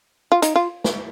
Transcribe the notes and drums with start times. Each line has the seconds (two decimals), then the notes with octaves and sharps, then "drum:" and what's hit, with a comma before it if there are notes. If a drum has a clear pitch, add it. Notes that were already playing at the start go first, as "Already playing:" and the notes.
0.32 F4
0.42 D#4, drum: hi-hat
0.56 F4
0.84 drum: snare